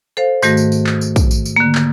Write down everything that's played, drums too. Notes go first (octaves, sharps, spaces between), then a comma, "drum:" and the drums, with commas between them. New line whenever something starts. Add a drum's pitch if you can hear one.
A4 C5 F5
G#2 D#3 A3 F#4 A#6, drum: tambourine
drum: tambourine
drum: tambourine
drum: clap
drum: tambourine
drum: kick, tambourine
drum: tambourine
drum: tambourine
D3 A#3
drum: clap